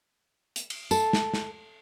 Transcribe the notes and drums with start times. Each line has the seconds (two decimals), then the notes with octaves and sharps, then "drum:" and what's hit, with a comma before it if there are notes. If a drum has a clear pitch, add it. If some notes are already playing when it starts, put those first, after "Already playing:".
0.56 drum: hi-hat
0.70 drum: cymbal
0.91 A4, drum: tambourine
1.13 drum: snare
1.34 drum: snare